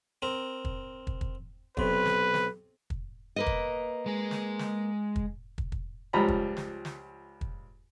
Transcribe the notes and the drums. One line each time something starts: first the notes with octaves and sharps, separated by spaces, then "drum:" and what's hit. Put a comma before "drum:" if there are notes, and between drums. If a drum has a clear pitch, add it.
C4 A#4
drum: kick
drum: kick
drum: kick
B1 C3 B4, drum: kick
drum: snare
drum: snare
drum: kick
A#3 B4 D#5
drum: kick
G#3 G#4
drum: snare
drum: snare
drum: kick
drum: kick
drum: kick
C#2 F3 G3 A#5 B5
drum: kick
drum: snare
drum: snare
drum: kick